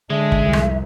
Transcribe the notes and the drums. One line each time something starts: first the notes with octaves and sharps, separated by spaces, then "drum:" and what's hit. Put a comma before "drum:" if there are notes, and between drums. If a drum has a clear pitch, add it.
D3 G#3 D4 E5
drum: kick
C2 F2
drum: rim click